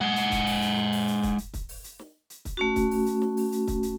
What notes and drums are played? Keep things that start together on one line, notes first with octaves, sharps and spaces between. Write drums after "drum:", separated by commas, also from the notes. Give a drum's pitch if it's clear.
G#3 F#5
drum: hi-hat
drum: kick, hi-hat
drum: open hi-hat
drum: hi-hat
drum: snare
drum: open hi-hat
drum: hi-hat
drum: kick, hi-hat
drum: hi-hat
drum: kick, hi-hat
drum: open hi-hat
drum: hi-hat
drum: snare
drum: hi-hat
drum: kick, hi-hat
A3 C#4 F#4
drum: kick, hi-hat
drum: open hi-hat
drum: hi-hat
drum: snare
drum: open hi-hat
drum: hi-hat
drum: kick, hi-hat
drum: hi-hat